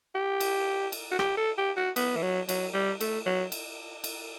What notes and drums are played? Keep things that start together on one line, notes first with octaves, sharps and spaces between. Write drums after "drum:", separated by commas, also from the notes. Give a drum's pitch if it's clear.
G4
drum: cymbal
drum: cymbal
F#4
G4, drum: rim click
A4
G4
F#4
B3, drum: cymbal
E3
F#3
F#3, drum: cymbal
G3
A3, drum: cymbal
F#3
drum: cymbal
drum: cymbal